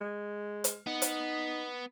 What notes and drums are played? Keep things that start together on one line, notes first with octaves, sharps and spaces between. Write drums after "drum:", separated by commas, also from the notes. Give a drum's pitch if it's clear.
G#3
drum: hi-hat
B3 D#4
drum: hi-hat